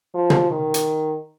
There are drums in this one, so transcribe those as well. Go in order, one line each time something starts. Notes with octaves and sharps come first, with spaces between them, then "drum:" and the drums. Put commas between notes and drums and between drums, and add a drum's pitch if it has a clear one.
F3
drum: tom
D#3
drum: hi-hat